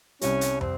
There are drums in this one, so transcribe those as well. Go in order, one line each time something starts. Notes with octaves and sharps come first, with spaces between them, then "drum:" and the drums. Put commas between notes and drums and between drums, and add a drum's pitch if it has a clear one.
C2 C3 G3 C#4, drum: hi-hat
drum: hi-hat
C4, drum: tom